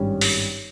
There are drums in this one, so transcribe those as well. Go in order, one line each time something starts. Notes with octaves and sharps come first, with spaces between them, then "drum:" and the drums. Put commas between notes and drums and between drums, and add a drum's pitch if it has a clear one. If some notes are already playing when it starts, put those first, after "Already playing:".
Already playing: G#1 G2 G3 C#4
drum: open hi-hat